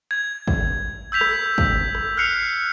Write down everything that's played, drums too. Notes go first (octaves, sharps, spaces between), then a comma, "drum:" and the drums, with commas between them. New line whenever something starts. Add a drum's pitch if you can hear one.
G#6
drum: kick
E6 G6 B6 F7
drum: rim click
drum: kick
drum: rim click
F6 F#6 C7 C#7 F7